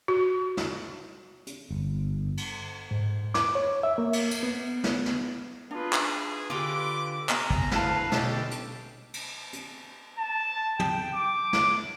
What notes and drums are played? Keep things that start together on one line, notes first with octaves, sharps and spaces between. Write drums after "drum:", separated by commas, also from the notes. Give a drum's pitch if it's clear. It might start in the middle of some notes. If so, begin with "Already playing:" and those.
F#4
drum: snare
drum: hi-hat
G1
drum: cymbal
G#2
D6, drum: snare
C#5
E5
A#3
drum: cymbal
drum: tambourine
B3
drum: snare
drum: snare
D4 F4 G#4 B4
drum: clap
D3 F4 G4 B4 D6
B3 G#5 A#5, drum: clap
drum: kick
D2 E4 B4 F5 A5, drum: snare
B2 D3 C#4 G4 C#5 A5, drum: snare
drum: hi-hat
drum: cymbal
drum: hi-hat
A5
G5, drum: tom
D6
drum: snare